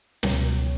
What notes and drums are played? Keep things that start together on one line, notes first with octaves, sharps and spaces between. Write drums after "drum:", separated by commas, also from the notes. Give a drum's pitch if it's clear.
C#2 B2 F#3 C#5, drum: snare